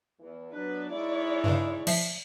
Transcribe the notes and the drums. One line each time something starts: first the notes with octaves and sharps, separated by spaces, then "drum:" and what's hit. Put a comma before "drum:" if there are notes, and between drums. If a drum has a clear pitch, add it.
E2 E3
F#3 B3 D4 B4
G#3 D#4 E4 C#5 D5
G2 C#3
F3 E5 C7, drum: cymbal